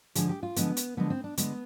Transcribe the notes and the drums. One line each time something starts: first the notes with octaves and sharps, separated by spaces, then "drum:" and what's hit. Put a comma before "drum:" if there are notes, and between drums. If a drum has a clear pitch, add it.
D3 F3 G#3 G#4, drum: hi-hat
G4
F4
D3 F3 G#3 B3, drum: hi-hat
drum: hi-hat
D3 F3 G#3 B3
C4
D4
D3 G#3 B3, drum: hi-hat